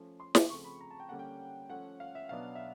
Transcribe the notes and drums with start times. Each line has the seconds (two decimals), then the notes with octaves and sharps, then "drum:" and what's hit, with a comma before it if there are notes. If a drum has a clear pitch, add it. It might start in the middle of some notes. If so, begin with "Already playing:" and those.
Already playing: F3 A3 C#4
0.20 C6
0.35 D6, drum: snare
0.49 C#3 F3 A3 C4 C#6
0.64 B5
0.81 A#5
0.91 A5
1.00 G5
1.09 D3 G3 A#3 C#4 F#5
1.19 G5
1.69 F3 A3 C#4 F#5
2.00 F5
2.15 E5
2.29 B2 F#3 B3 D4 F5
2.55 E5